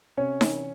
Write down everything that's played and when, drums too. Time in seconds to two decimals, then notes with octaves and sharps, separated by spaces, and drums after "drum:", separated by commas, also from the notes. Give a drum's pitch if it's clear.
0.17 C3 C#4 C#5
0.41 E3, drum: snare D#4